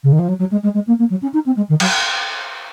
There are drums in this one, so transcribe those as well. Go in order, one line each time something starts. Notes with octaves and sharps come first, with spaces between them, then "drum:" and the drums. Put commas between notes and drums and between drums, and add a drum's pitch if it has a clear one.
C#3
D#3
F3
F#3
F#3
G#3
G#3
G#3
A#3
A#3
F#3
C#4
D#4
C4
G#3
D#3
F#3, drum: cymbal